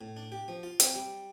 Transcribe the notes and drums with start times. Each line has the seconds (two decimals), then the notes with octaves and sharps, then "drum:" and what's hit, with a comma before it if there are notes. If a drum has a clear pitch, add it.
0.01 A2
0.17 D4
0.32 G4
0.48 F3
0.63 F4
0.80 C4, drum: hi-hat
0.95 G3